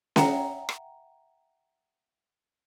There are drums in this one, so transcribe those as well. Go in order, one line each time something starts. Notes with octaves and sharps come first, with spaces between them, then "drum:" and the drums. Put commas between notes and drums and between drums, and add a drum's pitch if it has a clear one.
E5 F#5 G5 A#5, drum: snare C#4
drum: rim click